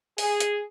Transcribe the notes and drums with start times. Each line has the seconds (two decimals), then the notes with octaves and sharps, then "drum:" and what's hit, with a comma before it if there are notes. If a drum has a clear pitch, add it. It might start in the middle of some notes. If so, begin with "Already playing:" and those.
0.18 G#4, drum: open hi-hat
0.40 drum: hi-hat